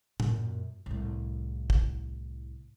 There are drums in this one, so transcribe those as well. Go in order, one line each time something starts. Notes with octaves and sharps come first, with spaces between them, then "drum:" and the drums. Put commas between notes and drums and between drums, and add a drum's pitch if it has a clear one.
F#2 A#2, drum: tom A2
C2 A2
drum: kick